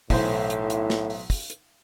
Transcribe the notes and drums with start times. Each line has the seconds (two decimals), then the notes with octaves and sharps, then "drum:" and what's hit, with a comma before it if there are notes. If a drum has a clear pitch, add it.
0.10 B1 A2 E3 C5, drum: kick, open hi-hat
0.50 drum: hi-hat
0.70 drum: hi-hat
0.90 drum: snare
1.10 drum: open hi-hat
1.30 drum: kick, open hi-hat
1.50 drum: hi-hat